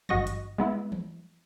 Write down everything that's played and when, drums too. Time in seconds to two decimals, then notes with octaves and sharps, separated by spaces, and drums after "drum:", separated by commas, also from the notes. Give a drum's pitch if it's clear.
0.09 G#1 G2 F#4 D#5 C#6 A#6, drum: tom E3
0.27 drum: hi-hat
0.58 G#3 B3 E4
0.92 drum: tom E3